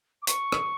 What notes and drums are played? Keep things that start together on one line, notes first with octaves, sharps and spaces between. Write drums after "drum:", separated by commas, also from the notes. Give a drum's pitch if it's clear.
D6
C#6, drum: hi-hat
drum: rim click